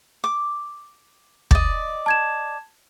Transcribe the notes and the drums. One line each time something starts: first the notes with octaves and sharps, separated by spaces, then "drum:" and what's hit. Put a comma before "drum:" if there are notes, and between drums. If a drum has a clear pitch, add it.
D6
D5 D#5, drum: kick
A5 G#6 E7